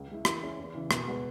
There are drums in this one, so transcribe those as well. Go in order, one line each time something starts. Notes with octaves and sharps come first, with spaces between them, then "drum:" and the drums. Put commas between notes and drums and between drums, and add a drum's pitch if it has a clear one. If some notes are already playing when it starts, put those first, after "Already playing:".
Already playing: C#2
C#3 G#3 E4
E3, drum: rim click
C#4 E4 G#4
E2
C#3 E3
B2, drum: rim click
G#3 B3 F#4 B4